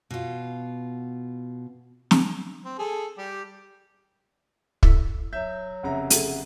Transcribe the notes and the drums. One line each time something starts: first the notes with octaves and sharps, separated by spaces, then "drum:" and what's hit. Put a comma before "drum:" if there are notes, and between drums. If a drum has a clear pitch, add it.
B2 F4
drum: snare
C4
G#4 A4
G3 G4
E4 A4, drum: kick
F#3 E5 G6
F1 C#3 E5 F#5 A#5
G#4 A4, drum: hi-hat